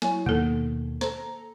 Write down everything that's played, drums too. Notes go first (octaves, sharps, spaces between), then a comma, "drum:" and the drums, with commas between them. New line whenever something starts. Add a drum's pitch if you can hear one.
F#3 E4 C#5 G#5, drum: snare
D#2 B2 D#3 A#3 A4, drum: tom A2
A4 C5 A#5, drum: snare